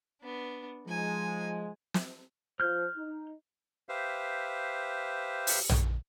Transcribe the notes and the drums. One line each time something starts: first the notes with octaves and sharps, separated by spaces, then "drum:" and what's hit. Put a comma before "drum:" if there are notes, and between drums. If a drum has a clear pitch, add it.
B3 D4
F3 G#3 D#4 G#5
drum: snare
F3 C5 F6 G6
D#4
G4 B4 C5 E5 F5
drum: open hi-hat
drum: tom A#1